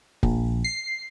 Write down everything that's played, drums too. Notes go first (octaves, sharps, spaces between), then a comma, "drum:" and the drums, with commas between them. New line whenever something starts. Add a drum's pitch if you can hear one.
A#1, drum: kick
C7